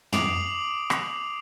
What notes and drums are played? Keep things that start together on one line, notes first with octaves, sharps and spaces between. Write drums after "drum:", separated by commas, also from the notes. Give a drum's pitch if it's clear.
D6 D#6 C7 D7 F7 F#7, drum: tom
drum: rim click